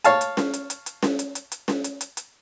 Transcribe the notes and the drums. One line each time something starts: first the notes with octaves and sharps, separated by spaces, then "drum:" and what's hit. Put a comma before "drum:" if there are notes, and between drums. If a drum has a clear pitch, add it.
C#5 F5 A5, drum: hi-hat
drum: hi-hat
drum: snare C#4
drum: hi-hat
drum: hi-hat
drum: hi-hat
drum: snare C#4
drum: hi-hat
drum: hi-hat
drum: hi-hat
drum: snare C#4
drum: hi-hat
drum: hi-hat
drum: hi-hat